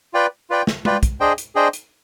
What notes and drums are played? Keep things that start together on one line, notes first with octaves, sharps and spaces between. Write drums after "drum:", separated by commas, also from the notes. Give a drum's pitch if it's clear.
F4 B4 D5 G5
F4 B4 D5 G5
drum: snare
F4 B4 D5 G5, drum: tom G#3
drum: kick, hi-hat
D4 G#4 C5 D#5 G5
drum: hi-hat
D4 G#4 C5 D#5 G5
drum: hi-hat